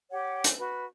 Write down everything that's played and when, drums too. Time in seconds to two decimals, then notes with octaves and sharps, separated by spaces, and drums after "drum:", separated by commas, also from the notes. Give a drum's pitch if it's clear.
0.10 G4 C#5 F#5 G5
0.44 drum: hi-hat
0.58 F#4 B4